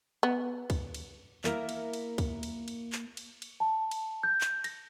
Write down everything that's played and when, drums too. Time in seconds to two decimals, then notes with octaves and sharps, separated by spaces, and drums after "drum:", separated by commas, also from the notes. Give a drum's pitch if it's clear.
0.23 B3
0.70 drum: kick, cymbal
0.94 drum: cymbal
1.44 A#3 E4 A#4 E5 A#5, drum: clap
1.69 drum: cymbal
1.93 drum: cymbal
2.18 drum: kick, cymbal
2.43 drum: cymbal
2.68 drum: cymbal
2.92 drum: clap
3.17 drum: cymbal
3.42 drum: cymbal
3.60 A5
3.91 drum: cymbal
4.23 G6
4.41 drum: clap
4.64 A#6, drum: cymbal